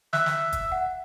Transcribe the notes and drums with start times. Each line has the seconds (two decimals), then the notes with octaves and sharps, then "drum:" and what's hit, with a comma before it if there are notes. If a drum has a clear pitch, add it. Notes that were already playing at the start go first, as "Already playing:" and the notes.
0.13 E5 F#6, drum: snare
0.26 drum: snare
0.53 drum: kick, hi-hat
0.72 F#5